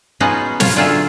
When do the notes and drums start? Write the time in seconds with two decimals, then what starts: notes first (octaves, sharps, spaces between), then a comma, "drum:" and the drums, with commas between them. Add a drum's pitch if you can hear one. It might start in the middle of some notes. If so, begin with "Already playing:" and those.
0.20 B3 C#4 D#4 F4 F#4 G#4
0.60 F4 C#5, drum: snare
0.76 D3 F#3 F4 G#4 C#5 E5